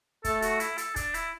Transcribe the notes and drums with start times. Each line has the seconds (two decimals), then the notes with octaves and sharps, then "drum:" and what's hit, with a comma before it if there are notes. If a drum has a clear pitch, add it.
0.24 A3 A4, drum: kick, hi-hat
0.42 F#4, drum: hi-hat
0.60 E4, drum: hi-hat
0.78 A4, drum: hi-hat
0.96 D4, drum: kick, hi-hat
1.14 E4, drum: hi-hat